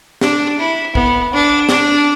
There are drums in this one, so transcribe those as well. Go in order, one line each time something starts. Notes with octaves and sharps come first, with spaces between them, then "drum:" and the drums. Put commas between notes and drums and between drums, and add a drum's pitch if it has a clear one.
D4, drum: snare
E4
B3, drum: kick
D4
D4, drum: snare